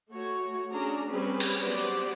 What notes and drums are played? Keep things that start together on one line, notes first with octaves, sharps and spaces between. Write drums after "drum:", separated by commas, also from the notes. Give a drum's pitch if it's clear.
A3 F#4 C#5
C#4 D4 G#4 A#5
G3 C4 C#4 G#4 B4
drum: cymbal
F#3 B3 G4 B4 C5 D5